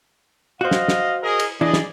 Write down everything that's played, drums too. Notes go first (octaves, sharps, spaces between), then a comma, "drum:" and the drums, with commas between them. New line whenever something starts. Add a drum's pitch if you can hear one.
F#4 C5 D#5 F5
drum: snare
drum: snare
G#4 A#4 D#5
drum: cymbal
E3 D4 E4 G#4 D5 D#5
drum: snare